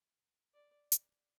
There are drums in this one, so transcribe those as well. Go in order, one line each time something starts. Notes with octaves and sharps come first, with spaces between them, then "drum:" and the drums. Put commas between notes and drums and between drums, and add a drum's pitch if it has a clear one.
D5
drum: hi-hat